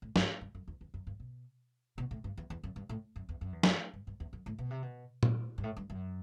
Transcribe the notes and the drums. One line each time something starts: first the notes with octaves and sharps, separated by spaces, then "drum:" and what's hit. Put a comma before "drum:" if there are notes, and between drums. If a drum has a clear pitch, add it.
A2
G2, drum: snare
G2
F#2
E2
E2
F#2
G2
B2
B2
A2
G2
E2
E2
F#2
G2
A2
F#2
E2
F#2
E2
F#2, drum: snare
G2
G2
E2
F#2
A2
B2
C3
B2
drum: tom
G2
A2
G2
F#2